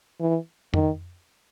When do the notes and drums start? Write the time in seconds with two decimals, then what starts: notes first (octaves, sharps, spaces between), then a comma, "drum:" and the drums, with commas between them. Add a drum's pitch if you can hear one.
0.20 E3
0.74 D#3, drum: tom F2